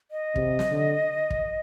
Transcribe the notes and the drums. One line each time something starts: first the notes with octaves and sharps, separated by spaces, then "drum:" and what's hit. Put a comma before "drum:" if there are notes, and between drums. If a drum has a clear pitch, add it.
D#5
C3, drum: kick
drum: snare
D3
drum: kick